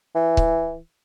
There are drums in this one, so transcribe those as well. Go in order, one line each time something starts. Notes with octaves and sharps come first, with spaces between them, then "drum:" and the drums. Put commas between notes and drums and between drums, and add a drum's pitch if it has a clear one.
E3
drum: kick C#1